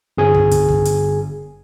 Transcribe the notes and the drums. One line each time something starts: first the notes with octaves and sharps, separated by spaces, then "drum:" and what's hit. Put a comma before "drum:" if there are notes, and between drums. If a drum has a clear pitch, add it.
G1 G#4 G#5
drum: kick
drum: kick, hi-hat
drum: kick
drum: hi-hat